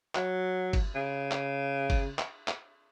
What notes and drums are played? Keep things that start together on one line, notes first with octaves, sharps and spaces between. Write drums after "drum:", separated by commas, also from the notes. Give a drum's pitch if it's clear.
F#3, drum: clap
drum: kick G1, cymbal
C#3
drum: clap
drum: kick G1, cymbal
drum: clap
drum: clap